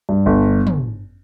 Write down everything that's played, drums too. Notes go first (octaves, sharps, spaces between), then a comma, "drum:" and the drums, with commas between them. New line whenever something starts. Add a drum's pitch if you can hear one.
G2
G1
drum: tom